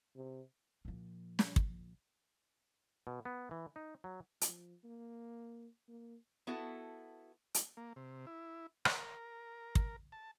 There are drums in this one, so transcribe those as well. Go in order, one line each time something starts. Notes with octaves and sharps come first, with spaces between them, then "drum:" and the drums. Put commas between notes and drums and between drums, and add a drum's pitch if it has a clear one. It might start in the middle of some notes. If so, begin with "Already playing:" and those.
C3
A#2 F3
drum: snare
drum: kick
B2
B3
E3
D#4
F#3
F3, drum: hi-hat
A#3
A#3
B3 E4 F#4 A4
drum: hi-hat
A#3
C3
E4
A#4, drum: rim click
drum: kick
A5